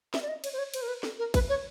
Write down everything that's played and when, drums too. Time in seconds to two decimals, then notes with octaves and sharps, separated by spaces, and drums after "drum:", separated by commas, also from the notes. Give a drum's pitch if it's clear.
0.14 E5, drum: snare
0.23 D5
0.28 D#5
0.44 C#5, drum: cymbal
0.53 C5
0.59 C#5
0.74 C5, drum: cymbal
0.82 A#4
0.88 B4
1.03 A4, drum: snare
1.19 A#4
1.34 B4, drum: kick A1, cymbal
1.49 C#5